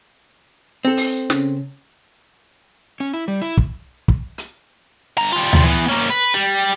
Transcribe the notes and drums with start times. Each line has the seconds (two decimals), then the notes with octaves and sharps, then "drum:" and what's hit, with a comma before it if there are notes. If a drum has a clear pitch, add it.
0.85 C4 A4
0.97 drum: open hi-hat
1.30 C#3 C#4, drum: snare
3.00 C#4
3.13 E4
3.28 G3
3.42 E4
3.57 drum: kick
4.08 drum: kick
4.38 drum: hi-hat
5.17 G2 A#5
5.32 G3 F4
5.53 drum: tom D2
5.63 E3 B3
5.89 A#3 C#4
6.10 B4
6.34 G3